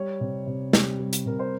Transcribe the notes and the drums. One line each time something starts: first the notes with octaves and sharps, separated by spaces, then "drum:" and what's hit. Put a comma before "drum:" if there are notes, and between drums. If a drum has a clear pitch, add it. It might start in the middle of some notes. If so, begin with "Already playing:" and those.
Already playing: G3 C#5
C3
C3
G3, drum: snare
G3
drum: hi-hat
C3 A#4
C5